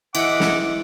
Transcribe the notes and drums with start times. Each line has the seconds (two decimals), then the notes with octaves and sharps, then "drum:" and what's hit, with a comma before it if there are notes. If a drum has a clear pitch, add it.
0.15 E3 D#5 E5 F#5 D6, drum: cymbal
0.40 drum: snare